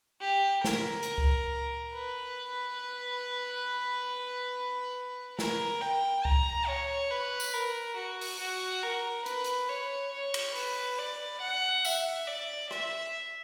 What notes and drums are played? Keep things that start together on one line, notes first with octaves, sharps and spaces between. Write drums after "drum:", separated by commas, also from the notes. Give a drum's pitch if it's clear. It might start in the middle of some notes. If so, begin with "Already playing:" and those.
G4
A#4, drum: snare
drum: hi-hat
drum: kick C#2
B4
A#4, drum: snare
G5
A#5, drum: kick C#2
C#5
B4
drum: tambourine
A#4
F#4
drum: open hi-hat
F#4
A#4
B4, drum: hi-hat
drum: hi-hat
C#5
C#5
drum: cymbal
B4, drum: open hi-hat
D5
F#5
E5, drum: tambourine
D5
E5, drum: rim click